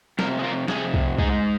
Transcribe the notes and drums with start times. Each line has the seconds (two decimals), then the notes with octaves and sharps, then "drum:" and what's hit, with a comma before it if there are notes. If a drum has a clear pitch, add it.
0.19 F2 C3 A#4, drum: snare
0.39 G#4
0.43 F4 A#4
0.68 F2 C3 G#4, drum: snare
0.94 drum: kick B1
1.18 G#2 G#3 D#4 G#4, drum: kick B1